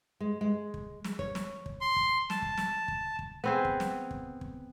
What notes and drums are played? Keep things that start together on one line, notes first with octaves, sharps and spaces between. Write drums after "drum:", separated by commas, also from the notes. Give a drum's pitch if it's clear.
G#3
G#3
drum: kick
drum: snare
C#5, drum: kick
drum: snare
drum: kick
C6
drum: kick
A5, drum: snare
drum: kick
drum: snare
drum: kick
drum: kick
B3 C4 G#4
drum: kick
drum: snare
drum: kick
drum: kick